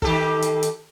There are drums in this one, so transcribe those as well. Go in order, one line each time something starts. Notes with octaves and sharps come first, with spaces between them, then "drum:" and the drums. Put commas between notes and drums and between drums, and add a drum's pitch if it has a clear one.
D#3 G4 A4, drum: kick
drum: hi-hat
drum: hi-hat